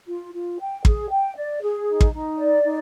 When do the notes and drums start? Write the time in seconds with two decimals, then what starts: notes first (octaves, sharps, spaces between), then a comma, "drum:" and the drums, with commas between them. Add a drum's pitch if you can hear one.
0.08 F4
0.34 F4
0.60 G5
0.85 G#4, drum: kick
1.11 G5
1.36 D5
1.62 G#4
1.88 D#4
2.01 drum: kick
2.14 D#4
2.38 D5
2.64 D#4